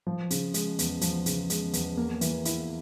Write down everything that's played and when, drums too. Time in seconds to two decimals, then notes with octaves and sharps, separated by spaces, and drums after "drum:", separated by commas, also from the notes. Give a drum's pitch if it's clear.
0.07 F3
0.31 C#3, drum: hi-hat
0.54 G#3, drum: hi-hat
0.79 E2, drum: hi-hat
1.01 F3, drum: hi-hat
1.26 C#3, drum: hi-hat
1.50 G#3, drum: hi-hat
1.73 E2, drum: hi-hat
1.97 A#3
2.21 E3, drum: hi-hat
2.45 E4, drum: hi-hat